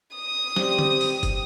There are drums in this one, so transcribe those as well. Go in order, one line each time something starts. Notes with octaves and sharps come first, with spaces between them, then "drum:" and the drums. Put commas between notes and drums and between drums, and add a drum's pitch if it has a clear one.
D#6
G3 C4 G4, drum: snare
drum: tom D3
drum: open hi-hat
drum: kick, hi-hat